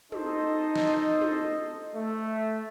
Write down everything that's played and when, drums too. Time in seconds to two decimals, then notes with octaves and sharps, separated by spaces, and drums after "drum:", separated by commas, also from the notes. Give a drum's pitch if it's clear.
0.12 D#4 A4 C5 D#5, drum: tom
0.76 drum: snare
1.21 drum: tom
1.95 A3